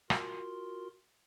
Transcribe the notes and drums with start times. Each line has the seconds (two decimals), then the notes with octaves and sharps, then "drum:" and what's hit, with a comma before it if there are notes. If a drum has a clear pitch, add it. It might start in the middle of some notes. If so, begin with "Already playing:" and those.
0.10 F4 F#4 A#4 C6, drum: rim click